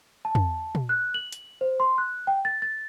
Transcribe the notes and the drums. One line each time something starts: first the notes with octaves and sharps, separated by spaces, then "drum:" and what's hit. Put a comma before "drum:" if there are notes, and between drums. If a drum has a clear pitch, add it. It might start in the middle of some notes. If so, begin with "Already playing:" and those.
A5
drum: tom
drum: tom
F#6
F#7
drum: hi-hat
C5
C6
F#6
G5
A6
A6